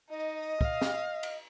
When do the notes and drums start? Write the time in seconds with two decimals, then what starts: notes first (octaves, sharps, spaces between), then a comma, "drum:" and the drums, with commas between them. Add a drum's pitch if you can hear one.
0.10 D#4 D#5
0.61 F5, drum: kick
0.81 drum: snare
1.23 drum: cymbal